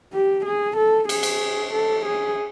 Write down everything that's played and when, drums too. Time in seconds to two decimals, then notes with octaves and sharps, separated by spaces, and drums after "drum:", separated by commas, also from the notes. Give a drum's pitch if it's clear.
0.13 G4
0.45 G#4
0.77 A4
1.09 G#4, drum: cymbal
1.23 drum: cymbal
1.73 A4
2.05 G#4